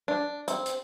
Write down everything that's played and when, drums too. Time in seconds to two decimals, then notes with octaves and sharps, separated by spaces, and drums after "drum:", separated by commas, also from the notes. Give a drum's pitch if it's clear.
0.08 D4
0.48 C4, drum: hi-hat
0.66 drum: hi-hat